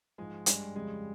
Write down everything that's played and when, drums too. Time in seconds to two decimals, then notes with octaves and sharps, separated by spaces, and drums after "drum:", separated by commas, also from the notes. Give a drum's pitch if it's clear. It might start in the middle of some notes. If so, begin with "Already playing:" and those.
0.18 G#2 F3 G#3
0.46 G2 G3 G#3, drum: hi-hat
0.75 F2 C#3 G3 G#3